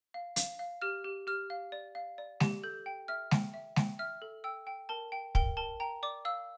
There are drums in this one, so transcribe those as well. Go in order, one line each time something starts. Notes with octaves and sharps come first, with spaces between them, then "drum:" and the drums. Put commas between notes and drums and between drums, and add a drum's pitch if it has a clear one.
F5
F5, drum: hi-hat
F5
G4 F6
G4
G4 F6
F5
D5
F5
D5
G4, drum: snare G#3
A4 G6
G5
E5 F6
G5, drum: snare G#3
E5
G5, drum: snare G#3
E5 F6
A4
G5 E6
G5
A#4 A5
G5
A#4 G5, drum: kick
A#4 A5
G5 A#5
D5 D6
F5 E6